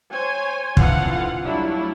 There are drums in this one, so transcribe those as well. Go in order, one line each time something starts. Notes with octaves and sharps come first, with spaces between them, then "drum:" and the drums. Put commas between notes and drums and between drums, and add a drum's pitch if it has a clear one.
C5 C#5 G#5
D3 E3 C4 F4 F5 F#5, drum: kick
F#3 G3 A3 D4 E4